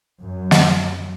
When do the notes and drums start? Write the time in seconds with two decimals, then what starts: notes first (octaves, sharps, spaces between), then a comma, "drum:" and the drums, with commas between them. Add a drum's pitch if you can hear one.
0.20 F#2
0.51 drum: snare